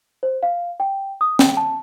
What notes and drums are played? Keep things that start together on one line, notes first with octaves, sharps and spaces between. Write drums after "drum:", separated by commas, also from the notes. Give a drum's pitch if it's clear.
C5
F5
G5
D#6
G5, drum: snare
A5